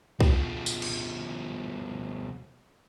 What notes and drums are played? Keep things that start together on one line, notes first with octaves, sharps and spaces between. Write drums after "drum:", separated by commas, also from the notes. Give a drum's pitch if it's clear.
B2 F3, drum: kick C2
drum: tambourine
drum: cymbal